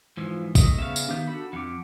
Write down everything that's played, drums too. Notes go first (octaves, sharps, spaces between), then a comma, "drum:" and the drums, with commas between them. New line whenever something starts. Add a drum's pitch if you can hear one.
G#2 E3 F3
G3 A3 D#5, drum: kick, tambourine
C#3 B3 C#5 E5 F5
drum: tambourine
D#3 B3 G4 F5 G6
D4 F#4 A4 B5
F2 F#5 D6